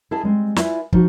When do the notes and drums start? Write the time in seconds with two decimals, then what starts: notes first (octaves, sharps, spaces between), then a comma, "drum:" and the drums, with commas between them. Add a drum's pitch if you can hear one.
0.11 E4 G#4 A4 D#5 A5
0.23 G3 G#3 C4
0.56 E4 F4 B4 D5 E5 G#5, drum: snare
0.93 F3 D#4 F#4, drum: kick